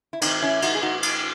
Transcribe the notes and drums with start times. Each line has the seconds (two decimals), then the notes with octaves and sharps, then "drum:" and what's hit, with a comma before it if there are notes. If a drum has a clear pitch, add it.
0.13 E4
0.21 A2 E3 A3 C4 D#4, drum: cymbal
0.42 C#4 E4
0.62 D#4 F#4, drum: cymbal
0.75 G#4
0.82 D#4 F#4
1.03 drum: cymbal